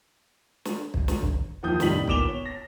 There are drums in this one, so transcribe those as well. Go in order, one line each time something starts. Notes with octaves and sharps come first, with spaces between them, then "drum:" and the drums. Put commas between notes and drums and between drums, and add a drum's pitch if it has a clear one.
drum: snare
drum: kick
drum: snare
drum: kick
D#2 F3 E4 D#6 G6
C2 A2 G3 D#4 B6 F#7, drum: snare
A#2 B3 D6 E7 F7 G7, drum: kick
C#5
A#6